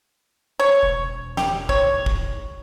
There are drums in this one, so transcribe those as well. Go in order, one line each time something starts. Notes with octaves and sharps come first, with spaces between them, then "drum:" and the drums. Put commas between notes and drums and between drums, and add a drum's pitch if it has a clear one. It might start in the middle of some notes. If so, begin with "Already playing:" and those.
C#5
E1
G4, drum: snare
C#5, drum: kick
drum: kick